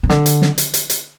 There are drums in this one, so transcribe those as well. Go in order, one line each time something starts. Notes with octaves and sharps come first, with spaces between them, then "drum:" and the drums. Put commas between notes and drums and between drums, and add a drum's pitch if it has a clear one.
C#3
D3, drum: snare
drum: hi-hat
drum: snare
drum: hi-hat
drum: hi-hat
drum: hi-hat